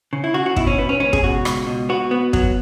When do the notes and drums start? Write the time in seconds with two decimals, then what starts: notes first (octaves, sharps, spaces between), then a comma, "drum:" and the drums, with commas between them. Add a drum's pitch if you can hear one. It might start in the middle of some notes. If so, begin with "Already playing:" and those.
0.13 C#3
0.24 E4
0.34 C#3 F#4
0.46 F#4
0.56 B2 E4, drum: kick
0.67 C#4
0.78 B2 B3
0.89 C#4
1.00 C#2 C#4
1.13 G#4, drum: kick
1.23 B2 F#4
1.45 C#2, drum: rim click
1.67 B2
1.89 B3 F#4
2.11 B3
2.33 F#3, drum: kick